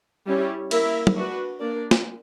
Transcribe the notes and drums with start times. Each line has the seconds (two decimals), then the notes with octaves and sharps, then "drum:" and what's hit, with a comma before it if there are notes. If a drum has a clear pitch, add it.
0.27 G3 C#4 E4 G4 C#5
0.71 A#3 E4 A#4 E5, drum: cymbal
1.07 drum: tom F#3
1.17 D4 F#4 B4
1.60 A#3 D4 A#4 D5
1.91 drum: snare